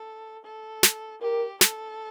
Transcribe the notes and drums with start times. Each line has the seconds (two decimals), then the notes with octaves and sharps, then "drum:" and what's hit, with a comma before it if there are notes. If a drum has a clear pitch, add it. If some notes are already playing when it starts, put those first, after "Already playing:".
Already playing: A4
0.44 A4
0.83 drum: snare
1.21 G4 A#4
1.61 A4, drum: snare